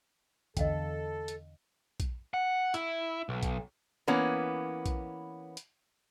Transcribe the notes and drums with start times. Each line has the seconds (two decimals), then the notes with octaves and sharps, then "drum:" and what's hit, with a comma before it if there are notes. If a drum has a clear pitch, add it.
0.57 E2 D3 A4 D#5 F5 G5, drum: kick, hi-hat
1.28 drum: hi-hat
2.00 drum: kick, hi-hat
2.34 F#5
2.74 E4, drum: hi-hat
3.29 B1
3.43 drum: kick, hi-hat
4.08 E3 A#3 B3 C#4
4.86 drum: kick, hi-hat
5.57 drum: hi-hat